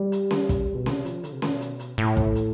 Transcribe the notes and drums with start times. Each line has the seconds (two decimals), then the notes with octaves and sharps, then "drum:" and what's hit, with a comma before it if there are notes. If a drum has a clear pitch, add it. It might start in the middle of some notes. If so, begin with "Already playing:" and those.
Already playing: G3
0.12 drum: hi-hat
0.31 drum: snare C#4
0.49 drum: kick, hi-hat
0.75 B2
0.86 C3, drum: snare C#4
1.05 F3, drum: hi-hat
1.24 D3, drum: hi-hat
1.32 C3
1.42 A2, drum: snare C#4
1.52 B2
1.61 drum: hi-hat
1.79 drum: hi-hat
1.98 A2
2.17 drum: kick
2.35 drum: hi-hat